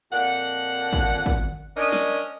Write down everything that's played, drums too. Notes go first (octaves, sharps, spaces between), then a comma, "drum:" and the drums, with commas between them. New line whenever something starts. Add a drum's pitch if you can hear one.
F2 A#2 F#5
drum: kick
drum: kick
C#4 D4 A#4 D#5
drum: snare